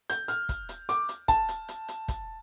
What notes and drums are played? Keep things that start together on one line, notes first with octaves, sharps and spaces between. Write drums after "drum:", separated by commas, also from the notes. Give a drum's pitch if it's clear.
G6, drum: hi-hat
F6, drum: hi-hat
drum: kick, hi-hat
drum: hi-hat
D6, drum: hi-hat
drum: hi-hat
A5, drum: kick, hi-hat
drum: hi-hat
drum: hi-hat
drum: hi-hat
drum: kick, hi-hat